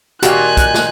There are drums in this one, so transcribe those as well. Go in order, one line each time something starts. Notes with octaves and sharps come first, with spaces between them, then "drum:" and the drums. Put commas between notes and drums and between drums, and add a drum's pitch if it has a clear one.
A#2 D#3 D#4 F#4 G4 F5 G#5 F#6, drum: hi-hat
drum: kick, hi-hat
drum: snare